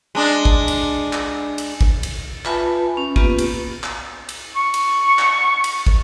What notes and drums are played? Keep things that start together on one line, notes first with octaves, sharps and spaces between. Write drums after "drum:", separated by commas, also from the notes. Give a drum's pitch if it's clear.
G#3 D4
drum: kick
drum: cymbal
drum: clap
drum: cymbal
drum: kick
drum: cymbal
F4 B4 E5 G#5 A5 B5, drum: clap
C#4
A#3 B3 F4 G4 B4 C#6, drum: kick
drum: cymbal
drum: clap
drum: cymbal
C#6
drum: cymbal
drum: clap
drum: cymbal
drum: kick